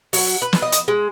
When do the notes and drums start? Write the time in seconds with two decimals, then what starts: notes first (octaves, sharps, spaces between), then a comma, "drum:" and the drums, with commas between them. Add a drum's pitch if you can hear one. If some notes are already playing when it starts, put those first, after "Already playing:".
0.13 F#3, drum: open hi-hat
0.42 B4
0.53 drum: snare
0.62 D#5
0.72 drum: hi-hat
0.88 G#3